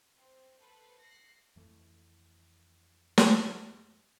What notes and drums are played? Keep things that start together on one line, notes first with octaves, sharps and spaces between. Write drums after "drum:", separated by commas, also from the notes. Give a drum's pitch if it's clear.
C4
A4 B4 C5
F#6 A#6 C7 C#7
F2 E3 A3
drum: snare